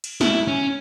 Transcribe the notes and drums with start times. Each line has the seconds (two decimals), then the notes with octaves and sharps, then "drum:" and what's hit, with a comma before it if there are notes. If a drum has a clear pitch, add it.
0.04 drum: cymbal
0.21 E4, drum: snare
0.47 C#4